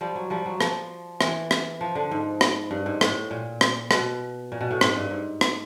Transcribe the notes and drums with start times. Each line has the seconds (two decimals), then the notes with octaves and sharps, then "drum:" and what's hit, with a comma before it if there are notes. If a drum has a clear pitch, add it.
0.01 F3 G3
0.16 F#3
0.30 F3 G3
0.46 F#3
0.61 F3, drum: rim click
1.21 E3, drum: rim click
1.51 drum: rim click
1.81 F3
1.95 D3
2.11 G#2
2.41 drum: rim click
2.71 G2
2.86 G#2
3.01 A2, drum: rim click
3.31 A#2
3.61 drum: rim click
3.91 B2, drum: rim click
4.52 A#2
4.61 B2
4.71 A2
4.81 G#2, drum: rim click
4.96 G2
5.11 G#2
5.41 drum: rim click